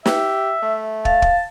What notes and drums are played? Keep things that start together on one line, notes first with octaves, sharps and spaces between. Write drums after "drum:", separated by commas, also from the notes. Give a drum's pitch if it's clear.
G4 E5, drum: snare
A3
F5 A5, drum: kick
drum: kick